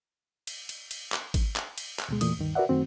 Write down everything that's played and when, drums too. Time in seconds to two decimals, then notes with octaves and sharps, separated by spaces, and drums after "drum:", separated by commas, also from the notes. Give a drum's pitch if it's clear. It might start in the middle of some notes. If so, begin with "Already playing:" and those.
0.47 drum: cymbal
0.69 drum: cymbal
0.91 drum: cymbal
1.12 drum: clap
1.34 drum: kick G#1, cymbal
1.56 drum: clap
1.78 drum: cymbal
1.99 drum: clap
2.09 D2 B2 G#3
2.21 E2 A#2 E3 A3 D#6, drum: cymbal
2.38 D2 G2 D#3
2.55 F#4 A#4 B4 D5 E5 F#5
2.69 F#2 D#3 A3 C4 F#4